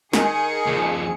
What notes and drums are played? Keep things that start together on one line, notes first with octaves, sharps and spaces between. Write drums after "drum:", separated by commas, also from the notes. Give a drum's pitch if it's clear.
D#3 G#4 C#7, drum: snare
D#2 F3